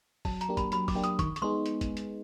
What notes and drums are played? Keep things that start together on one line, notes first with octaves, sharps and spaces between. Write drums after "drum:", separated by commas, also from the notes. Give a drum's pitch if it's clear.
F#3 A5, drum: kick, open hi-hat
A#5, drum: hi-hat
A#3 D4 G4
B5, drum: kick, hi-hat
F#3 B5, drum: hi-hat
D6, drum: kick, open hi-hat
A#3 D4 G4
D#6, drum: hi-hat
D#3 C#6, drum: kick, hi-hat
C#6, drum: hi-hat
G#3 B3 D#4 G#4 C6
drum: hi-hat
drum: kick, hi-hat
drum: hi-hat